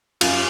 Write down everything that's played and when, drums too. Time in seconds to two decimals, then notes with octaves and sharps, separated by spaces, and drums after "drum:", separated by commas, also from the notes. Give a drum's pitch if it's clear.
0.21 F#2 F4, drum: cymbal